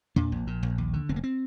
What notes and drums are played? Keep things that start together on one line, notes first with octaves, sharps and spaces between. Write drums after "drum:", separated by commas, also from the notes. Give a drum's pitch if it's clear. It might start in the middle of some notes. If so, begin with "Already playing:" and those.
A#2 D4, drum: tom E2
A#1
A#2
A#1
D#2
D3
F1 C4
A#3
C4